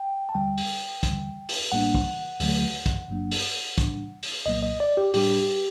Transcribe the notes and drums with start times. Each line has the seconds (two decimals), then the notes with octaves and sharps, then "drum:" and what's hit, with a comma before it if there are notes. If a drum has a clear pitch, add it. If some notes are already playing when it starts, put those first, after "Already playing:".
Already playing: G5
0.29 A5
0.34 D#2 D3 G3 G5
0.58 drum: open hi-hat
1.03 D#2 D3 G3, drum: kick, hi-hat
1.49 drum: open hi-hat
1.72 A1 A2 G3 A#3 D4 F#5
1.94 drum: kick
2.40 D2 D3 F#3 A3, drum: open hi-hat
2.86 drum: kick, hi-hat
3.08 G1 G2 F#3 A#3 D4
3.31 drum: open hi-hat
3.78 A2 G3 D4, drum: kick, hi-hat
4.23 drum: open hi-hat
4.46 C2 A#2 F#3 A#3 D#5
4.63 D#5
4.80 D5
4.97 G4
5.14 A2 G3 D4 G4, drum: open hi-hat